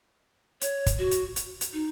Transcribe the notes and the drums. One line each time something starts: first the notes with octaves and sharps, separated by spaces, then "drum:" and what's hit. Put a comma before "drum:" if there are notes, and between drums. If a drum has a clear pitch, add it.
C#5, drum: hi-hat
drum: kick, hi-hat
F#4
drum: hi-hat
drum: hi-hat
drum: hi-hat
D#4